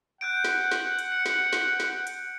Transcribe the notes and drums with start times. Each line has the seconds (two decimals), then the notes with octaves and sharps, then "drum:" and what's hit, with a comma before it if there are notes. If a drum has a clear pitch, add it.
0.21 F#5 F#6 G6 D7
0.44 drum: snare
0.72 drum: snare
0.99 drum: hi-hat
1.12 C#7
1.26 drum: snare
1.53 drum: snare
1.80 drum: snare
2.07 drum: hi-hat